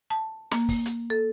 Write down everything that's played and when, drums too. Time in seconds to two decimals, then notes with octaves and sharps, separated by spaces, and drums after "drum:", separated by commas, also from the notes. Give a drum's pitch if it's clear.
0.10 A5
0.52 A#3, drum: snare
0.69 drum: kick, open hi-hat
0.86 drum: hi-hat
1.10 A4